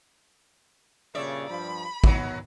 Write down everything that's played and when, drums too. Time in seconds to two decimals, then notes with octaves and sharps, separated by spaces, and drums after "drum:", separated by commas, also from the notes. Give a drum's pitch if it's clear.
1.15 G2 A#2 C#3 C#5 D5 E5
1.49 G2 F3 B5
2.04 D#3 F#3 B3, drum: kick